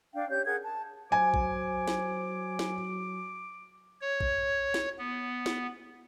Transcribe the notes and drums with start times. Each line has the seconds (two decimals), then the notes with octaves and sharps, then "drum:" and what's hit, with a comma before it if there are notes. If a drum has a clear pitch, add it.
0.14 D4 F5 G5
0.29 C#4 G4 C#5 G6
0.45 G#4 A#4 F#5 G#6
0.62 A5
1.12 F#3 C5 G#5 D6
1.34 drum: kick A#1
1.87 drum: snare
2.59 drum: snare
4.01 C#5
4.20 drum: kick A#1
4.74 drum: snare
4.99 B3
5.46 drum: snare